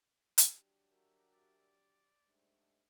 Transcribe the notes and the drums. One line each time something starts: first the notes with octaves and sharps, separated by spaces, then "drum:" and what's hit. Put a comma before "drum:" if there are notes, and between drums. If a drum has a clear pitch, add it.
drum: hi-hat
F#3 D4 G4
F#4 A#4 E5
D5
G#2 G3 A3 D4